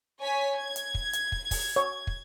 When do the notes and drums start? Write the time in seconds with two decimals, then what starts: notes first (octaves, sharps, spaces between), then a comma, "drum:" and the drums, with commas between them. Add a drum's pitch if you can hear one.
0.21 C#5 G#5 B6
0.57 G#6
0.76 drum: hi-hat
0.95 drum: kick
1.13 drum: hi-hat
1.32 drum: kick
1.51 drum: kick, open hi-hat
1.76 C#5
2.07 drum: kick